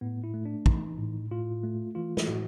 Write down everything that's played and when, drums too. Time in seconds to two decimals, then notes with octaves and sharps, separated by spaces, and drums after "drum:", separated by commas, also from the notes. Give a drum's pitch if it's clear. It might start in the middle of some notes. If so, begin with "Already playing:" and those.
0.01 A2 B3
0.24 E4
0.34 A3
0.45 D4
0.66 E3 D#4, drum: kick
0.98 A2
1.31 A2 F4
1.64 A3
1.95 E3 F4
2.17 drum: snare
2.27 A2 F#4